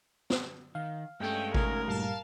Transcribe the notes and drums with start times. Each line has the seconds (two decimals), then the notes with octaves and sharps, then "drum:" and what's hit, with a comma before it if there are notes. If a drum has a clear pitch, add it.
0.30 drum: snare
0.75 D#3 F5
1.20 G2 G#3 A3 C#4 G5
1.54 A3 D#4 F#4 A#4, drum: kick G#1
1.88 G2 A#2 G3 F5 A5